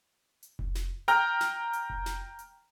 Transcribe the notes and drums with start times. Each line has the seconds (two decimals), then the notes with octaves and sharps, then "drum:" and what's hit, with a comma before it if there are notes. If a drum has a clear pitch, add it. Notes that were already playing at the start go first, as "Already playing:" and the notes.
0.43 drum: hi-hat
0.59 drum: kick F1
0.75 drum: snare
1.08 G5 A#5 F6, drum: hi-hat
1.41 drum: snare
1.73 drum: hi-hat
1.90 drum: kick F1
2.06 drum: snare
2.39 drum: hi-hat